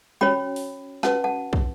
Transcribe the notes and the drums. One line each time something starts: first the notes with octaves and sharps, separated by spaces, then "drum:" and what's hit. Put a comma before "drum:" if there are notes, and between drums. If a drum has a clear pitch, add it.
C#4 F#4 C#5 G5 B5
drum: open hi-hat
C#4 F#4 B4 F#5 A5, drum: snare
F#5 A5
drum: kick